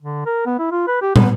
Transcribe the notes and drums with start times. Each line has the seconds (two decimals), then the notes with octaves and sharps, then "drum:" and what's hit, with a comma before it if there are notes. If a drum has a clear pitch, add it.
0.02 D3
0.26 A#4
0.46 B3
0.59 E4
0.71 F4
0.88 B4
1.02 G4
1.16 B3, drum: tom